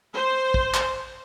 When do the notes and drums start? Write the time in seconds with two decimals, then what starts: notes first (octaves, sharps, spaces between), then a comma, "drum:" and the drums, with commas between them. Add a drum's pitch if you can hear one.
0.14 C5
0.54 drum: kick
0.74 drum: clap